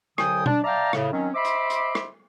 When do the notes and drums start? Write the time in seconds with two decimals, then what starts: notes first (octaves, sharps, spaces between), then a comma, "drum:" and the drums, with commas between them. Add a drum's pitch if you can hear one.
0.18 C2 D3 F#3 G5 G#5 D#6, drum: rim click
0.46 D4, drum: tom B2
0.64 D5 E5 F5 G5 A5 A#5
0.93 A2 C#3, drum: rim click
1.12 D#3 F#3 C4 C#4
1.35 C5 D#5 E5 B5 C6 D6
1.45 drum: hi-hat
1.70 drum: hi-hat
1.95 drum: rim click